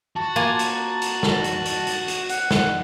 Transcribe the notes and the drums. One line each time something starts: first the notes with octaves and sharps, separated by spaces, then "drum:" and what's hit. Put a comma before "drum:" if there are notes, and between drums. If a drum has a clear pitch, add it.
F#4 A5
A#3 F4 G#5
drum: hi-hat
drum: hi-hat
drum: snare
drum: hi-hat
drum: hi-hat
drum: hi-hat
drum: hi-hat
F#5, drum: hi-hat
drum: snare